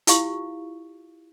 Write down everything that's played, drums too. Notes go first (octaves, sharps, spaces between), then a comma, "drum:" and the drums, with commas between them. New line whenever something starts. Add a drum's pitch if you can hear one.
E4 F4 G4 F5 C#6, drum: hi-hat